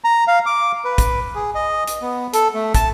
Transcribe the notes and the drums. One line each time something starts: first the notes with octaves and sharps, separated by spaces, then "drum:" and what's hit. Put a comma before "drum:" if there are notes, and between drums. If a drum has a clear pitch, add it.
A#5
F5
D6
B4
drum: kick, hi-hat
G#4
D#5
drum: hi-hat
B3
A4, drum: hi-hat
A3
A5, drum: kick, hi-hat